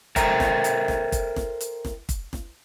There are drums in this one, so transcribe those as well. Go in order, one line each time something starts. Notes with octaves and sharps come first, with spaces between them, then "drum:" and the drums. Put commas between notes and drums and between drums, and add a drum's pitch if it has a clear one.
A4 A#4 C5 E5 G5 A#5, drum: kick, hi-hat
drum: snare
drum: hi-hat
drum: snare
drum: kick, hi-hat
drum: snare
drum: hi-hat
drum: snare
drum: kick, hi-hat
drum: snare